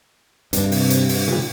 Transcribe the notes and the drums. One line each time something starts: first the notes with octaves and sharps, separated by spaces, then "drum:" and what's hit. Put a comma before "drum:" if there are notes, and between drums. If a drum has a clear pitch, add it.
G2 C3, drum: hi-hat
drum: open hi-hat
drum: hi-hat
drum: open hi-hat
drum: tom A#2